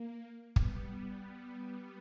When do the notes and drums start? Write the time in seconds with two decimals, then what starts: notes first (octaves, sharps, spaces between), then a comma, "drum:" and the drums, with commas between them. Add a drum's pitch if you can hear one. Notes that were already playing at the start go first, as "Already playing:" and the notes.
Already playing: A#3
0.56 G3 B3, drum: kick